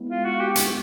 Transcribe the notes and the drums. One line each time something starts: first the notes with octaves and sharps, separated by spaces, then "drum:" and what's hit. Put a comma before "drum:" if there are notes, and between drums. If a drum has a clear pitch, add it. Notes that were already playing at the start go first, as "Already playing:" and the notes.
Already playing: G#3 B3 E4
F4
F#4
G4
drum: hi-hat